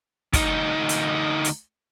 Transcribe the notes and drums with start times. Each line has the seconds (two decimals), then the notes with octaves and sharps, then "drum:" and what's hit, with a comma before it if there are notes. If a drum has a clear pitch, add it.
0.33 D2 D#4, drum: kick, hi-hat
0.89 drum: hi-hat
1.45 drum: hi-hat